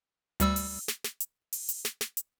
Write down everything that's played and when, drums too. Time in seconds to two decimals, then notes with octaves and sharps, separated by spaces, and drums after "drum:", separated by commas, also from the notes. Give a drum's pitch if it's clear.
0.40 D2 G3 E6, drum: hi-hat
0.56 drum: open hi-hat
0.88 drum: snare
1.04 drum: snare
1.20 drum: hi-hat
1.53 drum: open hi-hat
1.69 drum: hi-hat
1.85 drum: snare
2.01 drum: snare
2.17 drum: hi-hat